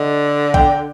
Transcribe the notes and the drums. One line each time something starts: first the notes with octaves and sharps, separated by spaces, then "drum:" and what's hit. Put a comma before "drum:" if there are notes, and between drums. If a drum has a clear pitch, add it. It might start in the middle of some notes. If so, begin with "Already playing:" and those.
Already playing: D3 D#5
G5, drum: kick A#1